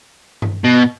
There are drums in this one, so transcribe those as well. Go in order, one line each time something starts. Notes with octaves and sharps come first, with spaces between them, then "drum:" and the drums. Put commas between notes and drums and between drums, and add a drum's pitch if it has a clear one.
drum: tom G2
B2